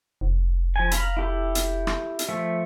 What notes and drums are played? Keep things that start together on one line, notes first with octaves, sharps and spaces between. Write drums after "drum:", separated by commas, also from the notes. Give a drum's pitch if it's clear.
F1
F3 G#5
F5 A#5 B5, drum: hi-hat
E4 G4 A4
drum: hi-hat
drum: rim click
drum: hi-hat
F3 A3 E5